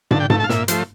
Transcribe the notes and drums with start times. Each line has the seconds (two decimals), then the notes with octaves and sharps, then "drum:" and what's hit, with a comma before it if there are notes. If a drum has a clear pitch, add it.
0.11 D3 A5, drum: tom
0.20 G5
0.30 A3 A5, drum: tom
0.40 A5
0.44 F5
0.49 A#2 E5, drum: snare
0.68 F3 A3 C5, drum: hi-hat